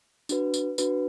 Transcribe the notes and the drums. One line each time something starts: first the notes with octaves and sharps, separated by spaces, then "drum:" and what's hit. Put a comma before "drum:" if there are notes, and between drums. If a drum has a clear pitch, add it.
D4 F#4 B4, drum: tambourine
drum: tambourine
D4 F#4 B4, drum: tambourine